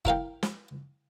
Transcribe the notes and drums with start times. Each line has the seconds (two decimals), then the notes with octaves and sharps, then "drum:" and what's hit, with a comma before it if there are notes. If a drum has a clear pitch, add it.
0.05 E4 A#4 F5 G5, drum: kick
0.43 drum: snare